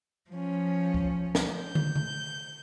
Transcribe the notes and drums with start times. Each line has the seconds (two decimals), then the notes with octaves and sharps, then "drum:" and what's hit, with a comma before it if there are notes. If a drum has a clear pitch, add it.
0.30 F3 C#4
0.94 drum: kick C#2
1.35 drum: snare
1.55 G6
1.75 drum: tom
1.96 drum: tom